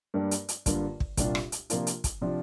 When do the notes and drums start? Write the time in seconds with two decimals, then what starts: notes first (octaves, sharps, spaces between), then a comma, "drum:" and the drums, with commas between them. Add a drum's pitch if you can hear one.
0.14 G2 G3 A#3 D4
0.31 drum: hi-hat
0.49 drum: hi-hat
0.66 G2 D3 A#3 D4 F4, drum: kick, hi-hat
1.00 drum: kick
1.17 C2 A#2 G3 D4 F4, drum: kick, hi-hat
1.35 drum: rim click
1.52 drum: hi-hat
1.70 C3 F3 A#3 D4 F4, drum: hi-hat
1.87 drum: hi-hat
2.04 drum: kick, hi-hat
2.21 C3 F3 D4 F4